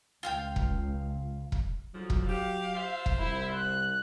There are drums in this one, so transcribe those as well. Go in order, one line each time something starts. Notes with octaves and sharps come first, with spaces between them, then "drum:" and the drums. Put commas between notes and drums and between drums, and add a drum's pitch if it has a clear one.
C#2 F4 F5 G5
drum: kick E1
drum: kick E1
G#2 D3 F3 F#3
drum: kick E1
G4 F5
F4 C5 E5
drum: kick E1
C2 E4
F#6